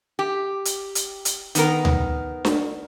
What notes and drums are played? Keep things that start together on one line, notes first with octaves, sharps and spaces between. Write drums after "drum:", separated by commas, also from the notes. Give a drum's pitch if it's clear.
G4
drum: hi-hat
drum: hi-hat
drum: hi-hat
D#3 B3 A#4, drum: hi-hat
drum: tom D2
drum: snare D4